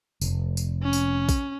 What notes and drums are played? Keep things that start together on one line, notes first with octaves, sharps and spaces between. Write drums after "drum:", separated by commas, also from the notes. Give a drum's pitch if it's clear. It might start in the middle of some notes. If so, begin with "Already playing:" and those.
F1, drum: tambourine
drum: tambourine
C#4
drum: tambourine
drum: kick A#1, tambourine